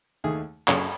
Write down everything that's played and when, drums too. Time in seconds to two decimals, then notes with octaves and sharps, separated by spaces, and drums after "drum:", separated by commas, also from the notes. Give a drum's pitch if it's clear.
0.24 D#2 D#3 A3 G#4
0.68 F#2 C#3 F#3 A4, drum: clap